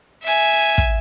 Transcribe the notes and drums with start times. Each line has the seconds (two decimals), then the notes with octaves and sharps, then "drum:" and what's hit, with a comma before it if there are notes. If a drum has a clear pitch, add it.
0.24 E5 G#5
0.78 drum: kick